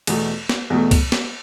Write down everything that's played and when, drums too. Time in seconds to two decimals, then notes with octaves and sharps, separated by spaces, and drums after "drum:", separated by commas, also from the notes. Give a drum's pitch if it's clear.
0.07 E2 B2 A3, drum: cymbal
0.49 drum: snare
0.70 E2 B2 A3
0.91 drum: kick C#2, cymbal
1.12 drum: snare